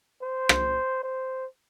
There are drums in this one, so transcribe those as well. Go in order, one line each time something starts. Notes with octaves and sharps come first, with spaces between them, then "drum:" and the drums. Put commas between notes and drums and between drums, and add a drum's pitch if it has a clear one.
C5
drum: rim click
C5